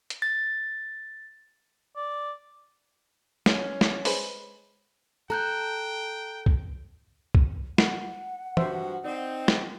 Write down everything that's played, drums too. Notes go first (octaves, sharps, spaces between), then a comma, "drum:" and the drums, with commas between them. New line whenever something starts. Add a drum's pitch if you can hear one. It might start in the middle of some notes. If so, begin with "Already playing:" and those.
drum: hi-hat
A6
D5
C#4, drum: snare
drum: snare
G#3 B4 C5, drum: open hi-hat
A4 G5 A#5 F#6 G6
drum: kick C2
drum: kick C2
F#5, drum: snare
G2 F3 F#4 C5 E5, drum: tom
C4 D#4 D5
drum: snare